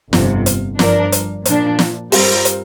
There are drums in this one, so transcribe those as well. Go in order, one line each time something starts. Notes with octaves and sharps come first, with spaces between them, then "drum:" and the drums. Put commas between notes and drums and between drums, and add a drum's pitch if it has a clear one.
G1 F2 C3, drum: snare
drum: hi-hat
G2 F3 D4 A#4, drum: snare
drum: hi-hat
A#2 F3 D4, drum: hi-hat
drum: snare
G2 G3 C4 F4 A#4, drum: open hi-hat
drum: hi-hat